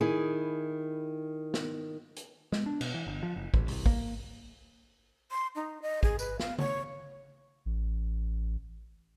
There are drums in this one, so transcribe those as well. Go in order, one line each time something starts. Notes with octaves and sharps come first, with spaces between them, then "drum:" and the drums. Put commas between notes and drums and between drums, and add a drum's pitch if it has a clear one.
D#3 E4 G#4
drum: snare
drum: hi-hat
G#3, drum: snare
D4
B2, drum: cymbal
E3
G1
F3
F#1
A1, drum: kick
C2, drum: open hi-hat
A#3, drum: kick
C6
D#4
D#5
G#4, drum: kick
B4, drum: tambourine
F5, drum: snare
C#5, drum: tom C#3
A1